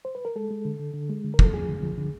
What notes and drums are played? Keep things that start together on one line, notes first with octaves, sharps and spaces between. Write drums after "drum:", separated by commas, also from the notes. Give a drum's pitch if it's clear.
C5
B4
A#4
G#3 A4
G#3
D3
D3
D3
G#3
D3
A#4
F3 A4, drum: kick
F3 G#4
D3
F3
D3